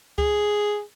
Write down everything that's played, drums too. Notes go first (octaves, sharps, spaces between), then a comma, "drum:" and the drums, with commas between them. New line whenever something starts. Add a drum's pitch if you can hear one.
G#4, drum: kick C#2